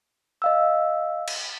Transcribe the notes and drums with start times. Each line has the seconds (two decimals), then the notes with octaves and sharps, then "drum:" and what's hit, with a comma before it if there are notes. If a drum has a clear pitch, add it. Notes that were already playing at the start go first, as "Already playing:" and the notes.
0.42 D#5 F5 E6
1.28 drum: cymbal